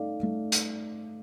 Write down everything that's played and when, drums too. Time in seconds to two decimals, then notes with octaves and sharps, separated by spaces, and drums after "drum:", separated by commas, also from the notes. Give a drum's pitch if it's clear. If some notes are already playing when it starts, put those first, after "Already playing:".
Already playing: A3 D#4 A4 D5 F5
0.23 A3
0.52 drum: hi-hat